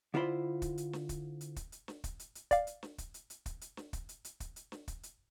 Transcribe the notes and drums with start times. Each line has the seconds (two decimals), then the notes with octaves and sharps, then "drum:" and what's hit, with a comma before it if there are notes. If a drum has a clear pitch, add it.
0.14 D3 E4 F4 C5 B5 C6
0.62 drum: kick, hi-hat
0.78 drum: hi-hat
0.93 drum: snare
1.09 drum: kick, hi-hat
1.41 drum: hi-hat
1.56 drum: kick, hi-hat
1.72 drum: hi-hat
1.88 drum: snare
2.04 drum: kick, hi-hat
2.19 drum: hi-hat
2.35 drum: hi-hat
2.51 D5 F5, drum: kick, hi-hat
2.67 drum: hi-hat
2.83 drum: snare
2.98 drum: kick, hi-hat
3.14 drum: hi-hat
3.30 drum: hi-hat
3.46 drum: kick, hi-hat
3.61 drum: hi-hat
3.77 drum: snare
3.93 drum: kick, hi-hat
4.09 drum: hi-hat
4.25 drum: hi-hat
4.40 drum: kick, hi-hat
4.56 drum: hi-hat
4.72 drum: snare
4.88 drum: kick, hi-hat
5.03 drum: hi-hat